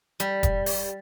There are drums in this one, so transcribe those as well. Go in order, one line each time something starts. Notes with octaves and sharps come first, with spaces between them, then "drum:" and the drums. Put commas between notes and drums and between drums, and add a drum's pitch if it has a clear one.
G3, drum: hi-hat
drum: kick E1, hi-hat
drum: open hi-hat